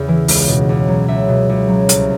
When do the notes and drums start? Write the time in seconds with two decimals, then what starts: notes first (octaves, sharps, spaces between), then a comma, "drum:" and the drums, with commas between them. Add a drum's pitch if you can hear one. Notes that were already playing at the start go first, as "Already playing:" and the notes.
Already playing: E2 C#3
0.08 E3
0.28 C#2, drum: open hi-hat
0.48 B2
0.69 C#2
0.88 F#3
1.08 C#2 E5
1.28 B2
1.49 C#2
1.69 F#3
1.89 C2, drum: hi-hat